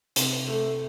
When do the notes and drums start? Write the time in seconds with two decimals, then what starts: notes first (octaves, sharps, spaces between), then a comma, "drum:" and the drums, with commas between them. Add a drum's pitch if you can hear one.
0.16 C3, drum: hi-hat
0.47 A3